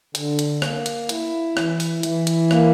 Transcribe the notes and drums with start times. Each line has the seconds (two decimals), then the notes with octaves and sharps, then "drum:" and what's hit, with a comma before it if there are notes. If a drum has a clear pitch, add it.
0.15 D3, drum: hi-hat
0.39 drum: hi-hat
0.62 A#3, drum: rim click
0.86 drum: hi-hat
1.09 E4, drum: hi-hat
1.57 E3, drum: rim click
1.80 drum: open hi-hat
2.03 E3, drum: hi-hat
2.27 drum: hi-hat
2.51 A#3, drum: rim click